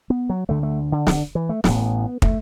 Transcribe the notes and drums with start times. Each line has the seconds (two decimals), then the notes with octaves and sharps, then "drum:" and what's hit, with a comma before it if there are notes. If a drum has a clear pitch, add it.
0.10 B3
0.30 F#3
0.49 D2 D3 A3
0.63 A3
0.92 D3
1.07 D3, drum: snare
1.35 E3
1.49 A3
1.64 A1 A2 B3, drum: snare
2.22 A3, drum: kick